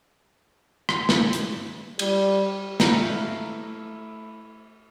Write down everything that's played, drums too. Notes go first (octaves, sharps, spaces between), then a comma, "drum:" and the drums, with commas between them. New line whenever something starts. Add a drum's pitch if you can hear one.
drum: rim click
drum: snare
drum: hi-hat
G3, drum: cymbal
A3 E4 F5 A#5, drum: snare